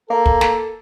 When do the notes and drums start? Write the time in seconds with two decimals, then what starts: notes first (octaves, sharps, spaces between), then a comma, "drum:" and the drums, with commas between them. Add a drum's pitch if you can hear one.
0.10 A#3 A4
0.26 drum: kick
0.41 drum: snare